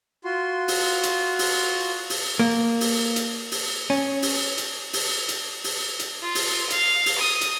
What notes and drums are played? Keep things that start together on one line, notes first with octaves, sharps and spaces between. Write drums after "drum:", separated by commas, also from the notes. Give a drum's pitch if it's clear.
F4 F#4 C6
drum: open hi-hat
drum: hi-hat
drum: open hi-hat
drum: open hi-hat
A#3
drum: open hi-hat
drum: hi-hat
drum: open hi-hat
C#4
drum: open hi-hat
drum: hi-hat
drum: open hi-hat
drum: hi-hat
drum: open hi-hat
drum: hi-hat
F4
drum: open hi-hat
F5, drum: hi-hat
drum: open hi-hat
D#6
drum: hi-hat